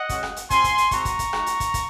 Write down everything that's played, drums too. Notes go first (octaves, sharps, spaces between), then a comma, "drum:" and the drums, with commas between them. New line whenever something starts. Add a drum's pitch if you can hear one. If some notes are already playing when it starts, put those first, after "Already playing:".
Already playing: D#5 F#5
G#3 C#4 F#4, drum: kick, hi-hat
drum: rim click
drum: hi-hat
C4 F4 G#5 C6, drum: kick, hi-hat
drum: kick, hi-hat
drum: hi-hat
G#3 C4 F#4 A#5 C#6, drum: kick, hi-hat
drum: kick, hi-hat
drum: kick, hi-hat
G#3 D#4 F#4, drum: rim click
drum: hi-hat
drum: kick, hi-hat
drum: kick, hi-hat